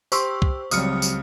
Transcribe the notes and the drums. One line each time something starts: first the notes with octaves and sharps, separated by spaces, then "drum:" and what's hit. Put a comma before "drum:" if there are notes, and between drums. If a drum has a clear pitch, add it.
G4 C5 C6 C#6 E6, drum: tambourine
drum: kick
C#2 F#3 G3 C4 D#6 F6 C#7, drum: tambourine
drum: tambourine